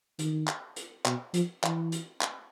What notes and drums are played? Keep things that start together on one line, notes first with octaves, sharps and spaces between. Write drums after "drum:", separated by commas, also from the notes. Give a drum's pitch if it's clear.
D#3, drum: hi-hat
drum: clap
drum: hi-hat
B2, drum: clap
F3, drum: hi-hat
E3, drum: clap
drum: hi-hat
drum: clap